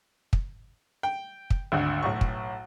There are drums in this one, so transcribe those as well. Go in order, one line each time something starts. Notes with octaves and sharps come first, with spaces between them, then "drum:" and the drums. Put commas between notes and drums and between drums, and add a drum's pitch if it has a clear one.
drum: kick
G5
drum: kick
G#1 D2
B1 A2 C#6
drum: kick